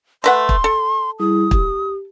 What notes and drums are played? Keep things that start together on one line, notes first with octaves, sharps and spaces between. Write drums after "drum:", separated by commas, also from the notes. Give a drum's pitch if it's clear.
A3 B4 F#5 C6
drum: kick
A4
G3 E4 G#4 D#6
G4, drum: kick